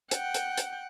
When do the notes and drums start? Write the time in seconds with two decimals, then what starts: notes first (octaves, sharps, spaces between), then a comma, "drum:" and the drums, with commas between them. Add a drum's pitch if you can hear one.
0.11 F#5 G5, drum: hi-hat
0.34 drum: hi-hat
0.57 drum: hi-hat